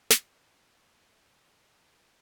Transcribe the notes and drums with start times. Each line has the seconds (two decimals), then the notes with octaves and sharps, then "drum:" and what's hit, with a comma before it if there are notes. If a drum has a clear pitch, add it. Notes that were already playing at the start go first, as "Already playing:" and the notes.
0.10 drum: snare
0.25 B3
1.09 A3
1.38 A3
1.65 G#3
1.93 F#3